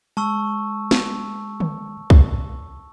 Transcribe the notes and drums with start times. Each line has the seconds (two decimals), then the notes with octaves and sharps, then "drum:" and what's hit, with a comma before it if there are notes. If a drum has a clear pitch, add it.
0.17 G#3 A5 C#6 E6
0.91 drum: snare
1.60 drum: tom D3
2.10 drum: kick C2